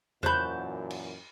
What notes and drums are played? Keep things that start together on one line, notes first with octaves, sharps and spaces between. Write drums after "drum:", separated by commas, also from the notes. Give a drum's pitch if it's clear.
F#2 A#2 E3 F#4 C5 A5 B5 G6, drum: tom E2
drum: cymbal